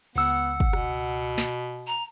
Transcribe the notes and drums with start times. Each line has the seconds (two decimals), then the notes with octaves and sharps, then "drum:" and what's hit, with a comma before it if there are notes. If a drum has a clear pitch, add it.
0.16 C#2 B3 F#5 E6
0.60 drum: kick
0.73 B2, drum: rim click
1.38 drum: snare
1.87 A#5